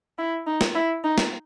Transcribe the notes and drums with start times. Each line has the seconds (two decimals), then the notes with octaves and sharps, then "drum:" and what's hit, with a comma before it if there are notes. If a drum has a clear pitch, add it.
0.18 E4
0.46 D#4
0.61 drum: snare
0.74 E4
1.04 D#4
1.18 drum: snare